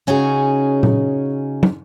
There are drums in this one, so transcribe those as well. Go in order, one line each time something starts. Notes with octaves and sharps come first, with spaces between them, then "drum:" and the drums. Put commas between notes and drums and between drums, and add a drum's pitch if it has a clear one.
C#3 C#4 D#4 F#4 G#4
drum: tom A#2
drum: tom